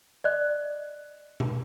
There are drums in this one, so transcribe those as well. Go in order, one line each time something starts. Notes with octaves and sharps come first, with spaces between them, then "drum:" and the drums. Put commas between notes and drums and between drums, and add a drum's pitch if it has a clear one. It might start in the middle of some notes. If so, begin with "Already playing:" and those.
D5 D#5 F#6
drum: tom B2